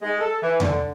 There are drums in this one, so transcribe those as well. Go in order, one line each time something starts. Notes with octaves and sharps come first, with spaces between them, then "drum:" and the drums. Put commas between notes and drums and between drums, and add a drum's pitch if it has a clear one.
G#3
A4
E3
D3, drum: tom E2